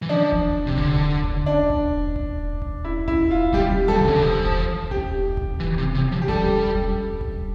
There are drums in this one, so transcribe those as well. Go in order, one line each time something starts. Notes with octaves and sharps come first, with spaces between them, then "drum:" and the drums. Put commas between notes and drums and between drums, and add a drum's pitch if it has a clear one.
E3
F3 D4
drum: kick D#1
C3
D3, drum: kick D#1
drum: kick D#1
D4
drum: kick D#1
drum: kick D#1
drum: kick D#1
E4
E4, drum: kick D#1
F4
G3 G4, drum: kick D#1
G3 A4
C3, drum: kick D#1
D3
E3
F3
drum: kick D#1
G4, drum: kick D#1
drum: kick D#1
E3
C3
C3
F3
G4
G3 A4, drum: kick D#1
drum: kick D#1
drum: kick D#1